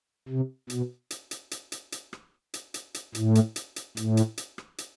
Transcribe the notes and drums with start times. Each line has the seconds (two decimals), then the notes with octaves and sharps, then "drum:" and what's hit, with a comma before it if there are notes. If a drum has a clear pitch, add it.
0.28 C3
0.70 B2, drum: hi-hat
1.11 drum: hi-hat
1.31 drum: hi-hat
1.51 drum: hi-hat
1.72 drum: hi-hat
1.92 drum: hi-hat
2.13 drum: rim click
2.54 drum: hi-hat
2.74 drum: hi-hat
2.94 drum: hi-hat
3.15 A2, drum: hi-hat
3.35 drum: hi-hat
3.56 drum: hi-hat
3.76 drum: hi-hat
3.97 A2, drum: hi-hat
4.17 drum: hi-hat
4.38 drum: hi-hat
4.58 drum: rim click
4.78 drum: hi-hat